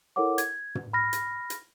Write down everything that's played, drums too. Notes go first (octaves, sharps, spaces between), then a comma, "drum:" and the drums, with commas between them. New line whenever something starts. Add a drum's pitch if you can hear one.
E4 A4 A#4 C#5 F#5 D6
G#6, drum: hi-hat
drum: tom
B5 F6 A#6
drum: hi-hat
drum: hi-hat